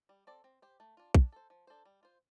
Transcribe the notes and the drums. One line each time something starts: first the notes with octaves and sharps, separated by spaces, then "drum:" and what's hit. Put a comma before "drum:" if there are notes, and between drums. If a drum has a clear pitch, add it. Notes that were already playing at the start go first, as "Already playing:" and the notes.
G3
C4 A4 D5
C4
G4 C5
A3
D4 F4
D4, drum: kick
A4 C5
F3
D4 A4 C5
G3
F4 C5